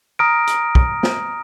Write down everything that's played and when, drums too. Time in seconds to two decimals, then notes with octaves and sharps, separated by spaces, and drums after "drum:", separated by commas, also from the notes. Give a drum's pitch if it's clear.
0.19 A#5 D#6 F6 A#6 D7
0.47 drum: hi-hat
0.75 drum: kick
1.03 drum: snare